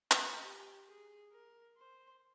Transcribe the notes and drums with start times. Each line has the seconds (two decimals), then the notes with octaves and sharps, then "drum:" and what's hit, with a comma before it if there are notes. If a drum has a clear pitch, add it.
0.11 F4, drum: clap
0.41 G4
0.87 G#4
1.32 A#4
1.77 C5